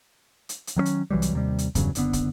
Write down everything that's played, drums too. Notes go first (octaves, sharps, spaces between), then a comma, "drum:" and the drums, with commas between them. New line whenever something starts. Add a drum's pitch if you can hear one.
drum: hi-hat
drum: hi-hat
D#3 F#3 A3 C#4
drum: hi-hat
C2 E3 F#3 G3
drum: hi-hat
D#2 C3 G3
drum: hi-hat
E2 G2 C#3 F#3, drum: kick, hi-hat
F#1 D3 B3, drum: hi-hat
drum: kick, hi-hat